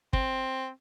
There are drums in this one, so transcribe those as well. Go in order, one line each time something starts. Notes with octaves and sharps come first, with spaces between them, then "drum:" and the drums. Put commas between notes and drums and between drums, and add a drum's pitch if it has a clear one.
C4, drum: kick